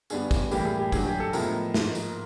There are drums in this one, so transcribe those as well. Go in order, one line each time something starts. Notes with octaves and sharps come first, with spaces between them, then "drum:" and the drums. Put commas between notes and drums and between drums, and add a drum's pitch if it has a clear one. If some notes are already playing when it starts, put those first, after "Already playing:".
G2 D3 G3 B3 G#4, drum: tambourine
drum: kick, tambourine
A2 E3 G3 A#3 G4, drum: tambourine
G#4
G4
G2 D3 F#3 G#4, drum: kick, tambourine
G4
A4
A2 F3 G#3 B3 A#4, drum: tambourine
G#2 F3 A#3, drum: snare
drum: tambourine